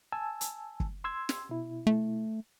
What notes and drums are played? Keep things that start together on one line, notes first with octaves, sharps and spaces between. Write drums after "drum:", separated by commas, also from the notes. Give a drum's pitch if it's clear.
G#5 A5 E6
drum: hi-hat
drum: kick
C6 E6 G#6
drum: snare
B2 E4
A3